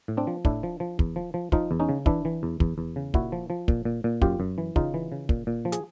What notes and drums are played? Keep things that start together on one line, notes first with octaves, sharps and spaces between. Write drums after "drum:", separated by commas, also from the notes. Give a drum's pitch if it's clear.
A2
C4 D4
F3
A2 D4 E4, drum: kick
F3
F3
E2, drum: kick
F3
F3
F3 D#4 F4, drum: kick
E2
C#4 D#4
C#3
E3 D4 E4, drum: kick
E3
E2
E2, drum: kick
E2
C#3
A#2 E4 F#4, drum: kick
F3
F3
A#2, drum: kick
A#2
A#2
F#2 F4 G4, drum: kick
F#2
E3
C#3 D#4 F4, drum: kick
E3
C#3
A#2, drum: kick
A#2
F3
G#4, drum: hi-hat